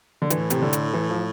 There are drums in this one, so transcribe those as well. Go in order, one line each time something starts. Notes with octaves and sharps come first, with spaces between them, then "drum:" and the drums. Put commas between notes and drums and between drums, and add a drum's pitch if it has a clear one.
D3
A2 E3, drum: hi-hat
C3, drum: hi-hat
D3
drum: hi-hat
E3
F3